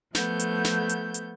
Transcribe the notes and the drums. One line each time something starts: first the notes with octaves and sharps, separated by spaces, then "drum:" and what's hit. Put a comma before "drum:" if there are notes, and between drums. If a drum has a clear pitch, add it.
F3 A3 B3 G6, drum: snare
drum: hi-hat
drum: snare
drum: hi-hat
drum: hi-hat